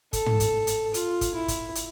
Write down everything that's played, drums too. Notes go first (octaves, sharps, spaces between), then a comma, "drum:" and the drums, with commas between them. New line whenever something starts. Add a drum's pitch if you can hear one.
A4, drum: kick G1, hi-hat
drum: tom
drum: kick G1, hi-hat
drum: hi-hat
F4, drum: hi-hat
drum: kick G1, hi-hat
E4
drum: kick G1, hi-hat
drum: hi-hat